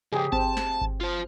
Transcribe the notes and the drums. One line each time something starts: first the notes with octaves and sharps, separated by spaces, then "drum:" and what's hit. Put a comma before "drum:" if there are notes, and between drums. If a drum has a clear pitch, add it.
C#3 F3 G4 G#4
C4 A5, drum: kick G1
drum: snare
drum: kick G1
F4 C5